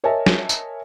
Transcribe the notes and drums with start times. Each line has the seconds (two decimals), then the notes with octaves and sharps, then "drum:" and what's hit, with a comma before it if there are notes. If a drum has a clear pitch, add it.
0.04 A#4 C#5 D#5 E5 G#5 A5
0.26 drum: snare
0.49 drum: tambourine